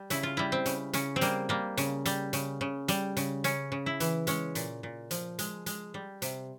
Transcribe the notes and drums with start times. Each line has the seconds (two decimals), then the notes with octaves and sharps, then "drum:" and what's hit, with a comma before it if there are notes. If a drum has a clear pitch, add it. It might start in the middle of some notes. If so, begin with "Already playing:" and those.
Already playing: G3
0.10 C#3 E4, drum: hi-hat
0.23 F4
0.37 G3 E4
0.52 C4
0.66 C#3, drum: hi-hat
0.93 C#3 C#4, drum: hi-hat
1.16 C4
1.21 G3 A#3, drum: hi-hat
1.49 G3 A#3
1.77 C#3, drum: hi-hat
2.05 G3, drum: hi-hat
2.33 C#3, drum: hi-hat
2.61 C#3
2.88 G3, drum: hi-hat
3.17 C#3, drum: hi-hat
3.44 C#3 C#4, drum: hi-hat
3.72 C#3
3.86 E4
4.00 E3, drum: hi-hat
4.27 G#3 C#4, drum: hi-hat
4.55 A#2, drum: hi-hat
4.83 A#2
5.11 F3, drum: hi-hat
5.39 G#3, drum: hi-hat
5.66 G#3, drum: hi-hat
5.94 G3
6.22 C3, drum: hi-hat